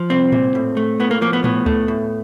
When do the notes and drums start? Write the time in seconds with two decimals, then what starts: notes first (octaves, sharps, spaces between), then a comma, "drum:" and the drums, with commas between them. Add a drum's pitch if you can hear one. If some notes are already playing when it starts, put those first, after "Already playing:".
Already playing: F3
0.10 C2 C4
0.32 A#2, drum: tom A2
0.55 A2
0.77 A3
1.00 A2 B3
1.11 A#3
1.21 F3 A#3
1.33 B3
1.44 A2 B3, drum: tom A2
1.66 A3, drum: kick D2
1.88 A2